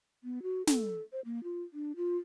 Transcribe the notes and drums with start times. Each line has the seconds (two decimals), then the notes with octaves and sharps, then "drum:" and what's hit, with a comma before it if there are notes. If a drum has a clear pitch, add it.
0.24 B3
0.43 F#4
0.67 A4, drum: snare
1.12 C5
1.25 A#3
1.44 F4
1.73 D4
1.96 F4